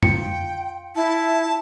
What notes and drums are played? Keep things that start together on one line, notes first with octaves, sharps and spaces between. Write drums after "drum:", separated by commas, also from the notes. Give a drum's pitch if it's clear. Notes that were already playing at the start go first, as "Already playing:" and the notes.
F4 G5 C#7, drum: tom F2
E4 A5